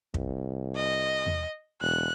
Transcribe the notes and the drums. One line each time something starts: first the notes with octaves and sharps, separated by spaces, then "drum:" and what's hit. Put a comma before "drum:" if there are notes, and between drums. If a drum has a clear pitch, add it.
C2, drum: kick
D#5
drum: tom E2
E1 F#6